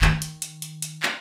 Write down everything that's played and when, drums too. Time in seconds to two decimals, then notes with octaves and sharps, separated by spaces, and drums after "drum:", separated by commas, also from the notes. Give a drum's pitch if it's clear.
0.02 D#3, drum: clap
0.22 drum: hi-hat
0.42 drum: hi-hat
0.62 drum: hi-hat
0.82 drum: hi-hat
1.03 drum: clap